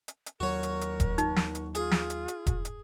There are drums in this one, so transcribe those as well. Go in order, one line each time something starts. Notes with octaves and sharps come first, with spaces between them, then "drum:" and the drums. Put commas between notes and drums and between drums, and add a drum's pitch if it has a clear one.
drum: hi-hat
drum: hi-hat
D#2 F#3 F#4 A#4 C#5
drum: hi-hat
drum: hi-hat
drum: kick E1, hi-hat
D#4, drum: hi-hat
drum: snare
drum: hi-hat
F4 G#4, drum: hi-hat
drum: snare
drum: hi-hat
drum: hi-hat
drum: kick E1, hi-hat
drum: hi-hat